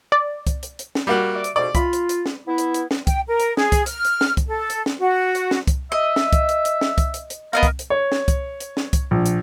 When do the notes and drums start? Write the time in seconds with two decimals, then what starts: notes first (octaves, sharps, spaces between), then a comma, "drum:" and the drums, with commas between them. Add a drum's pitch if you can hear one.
0.12 D5
0.47 drum: kick C2, hi-hat
0.63 drum: hi-hat
0.79 drum: hi-hat
0.95 drum: snare
1.07 G3 A#3 F#4
1.34 D5 E5 D6
1.44 drum: hi-hat
1.56 F2 G#2 B2 D5
1.75 F4 B5, drum: kick C2, hi-hat
1.93 drum: hi-hat
2.09 drum: hi-hat
2.26 drum: snare
2.47 B3 E4
2.58 drum: hi-hat
2.74 drum: hi-hat
2.91 drum: snare
3.07 G5, drum: kick C2, hi-hat
3.27 A#4
3.40 drum: hi-hat
3.57 G#4, drum: snare
3.72 drum: kick C2, hi-hat
3.86 F6, drum: hi-hat
4.05 drum: hi-hat
4.21 drum: snare
4.37 drum: kick C2, hi-hat
4.47 A4
4.70 drum: hi-hat
4.86 drum: snare
4.99 F#4
5.35 drum: hi-hat
5.51 drum: snare
5.67 drum: kick C2, hi-hat
5.92 D#5 E5
6.16 drum: snare
6.33 drum: kick C2, hi-hat
6.49 drum: hi-hat
6.65 drum: hi-hat
6.81 drum: snare
6.98 drum: kick C2, hi-hat
7.14 drum: hi-hat
7.30 drum: hi-hat
7.53 B3 A#4 D#5 F5
7.63 drum: kick C2, hi-hat
7.79 drum: hi-hat
7.90 C#5
8.12 drum: snare
8.28 drum: kick C2, hi-hat
8.60 drum: hi-hat
8.77 drum: snare
8.93 drum: kick C2, hi-hat
9.11 A#1
9.26 drum: hi-hat